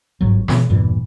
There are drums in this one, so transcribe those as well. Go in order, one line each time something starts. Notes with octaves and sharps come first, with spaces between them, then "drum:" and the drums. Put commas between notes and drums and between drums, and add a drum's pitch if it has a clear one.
G1 G#2 F#3
B2 E3, drum: snare
E1 G2 A#2 E3